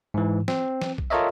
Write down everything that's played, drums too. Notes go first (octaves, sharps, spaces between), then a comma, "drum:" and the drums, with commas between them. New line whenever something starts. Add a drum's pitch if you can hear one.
G#2 E3
C4, drum: snare
drum: snare
drum: kick B1
F4 A4 A#4 C#5 D#5 E5